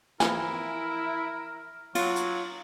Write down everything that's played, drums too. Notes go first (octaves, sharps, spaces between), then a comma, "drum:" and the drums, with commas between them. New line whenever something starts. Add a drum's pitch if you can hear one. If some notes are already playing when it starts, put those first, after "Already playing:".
E3 F3 E4 A#4 G#5, drum: snare
F#3 F4, drum: cymbal
drum: hi-hat